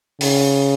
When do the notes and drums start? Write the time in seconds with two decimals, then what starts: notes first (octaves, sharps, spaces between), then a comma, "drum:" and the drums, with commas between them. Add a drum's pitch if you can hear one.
0.21 C#3, drum: open hi-hat